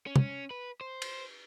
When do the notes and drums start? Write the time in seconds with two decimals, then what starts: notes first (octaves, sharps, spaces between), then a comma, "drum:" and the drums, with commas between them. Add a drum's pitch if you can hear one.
0.06 C#4
0.16 drum: tom
0.51 B4
0.81 C5
1.02 drum: cymbal